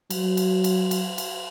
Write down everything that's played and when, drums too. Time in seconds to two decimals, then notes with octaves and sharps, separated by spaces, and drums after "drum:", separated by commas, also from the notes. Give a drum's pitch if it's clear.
0.10 F#3, drum: cymbal
0.37 drum: cymbal
0.64 drum: cymbal
0.91 drum: cymbal
1.18 drum: cymbal